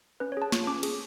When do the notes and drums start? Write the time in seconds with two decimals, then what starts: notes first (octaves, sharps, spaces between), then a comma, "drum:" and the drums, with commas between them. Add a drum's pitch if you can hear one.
0.20 C#4 B4
0.32 C#5
0.37 G#4 A5
0.52 F4 C#6, drum: snare
0.67 C#4 D6
0.83 G#4, drum: cymbal